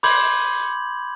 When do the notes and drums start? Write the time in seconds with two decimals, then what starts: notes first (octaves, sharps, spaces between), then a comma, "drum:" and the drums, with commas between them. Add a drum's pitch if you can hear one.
0.03 B5 C6 D6 G6 G#6 F#7, drum: open hi-hat